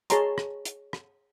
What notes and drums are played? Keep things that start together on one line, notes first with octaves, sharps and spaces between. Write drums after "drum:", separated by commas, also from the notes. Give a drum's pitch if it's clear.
G#4 C#5 A5 A#5 C6, drum: hi-hat
drum: rim click
drum: hi-hat
drum: rim click